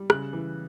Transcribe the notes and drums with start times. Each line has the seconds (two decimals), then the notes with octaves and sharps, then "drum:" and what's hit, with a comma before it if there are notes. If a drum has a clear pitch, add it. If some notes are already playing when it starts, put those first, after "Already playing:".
Already playing: G3
0.10 C#3 F#6, drum: rim click
0.33 E3